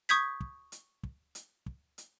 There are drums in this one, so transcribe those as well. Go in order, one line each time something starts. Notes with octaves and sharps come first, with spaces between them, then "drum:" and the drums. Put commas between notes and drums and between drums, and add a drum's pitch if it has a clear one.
C#6 D#6 G6 G#6 B6, drum: hi-hat
drum: kick
drum: hi-hat
drum: kick
drum: hi-hat
drum: kick
drum: hi-hat